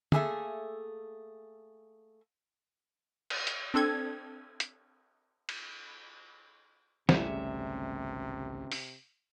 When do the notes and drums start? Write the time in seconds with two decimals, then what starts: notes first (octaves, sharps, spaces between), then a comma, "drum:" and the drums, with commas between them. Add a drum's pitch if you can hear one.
0.12 A3 A#3 G#4 A4 E5 G#5, drum: tom
3.30 drum: cymbal
3.47 drum: hi-hat
3.74 C4 D4 A4 G#6
4.60 drum: hi-hat
5.49 drum: cymbal
7.09 G#1 C#2 C3 G3 A3 C#4 G#4 E5, drum: snare
8.72 drum: open hi-hat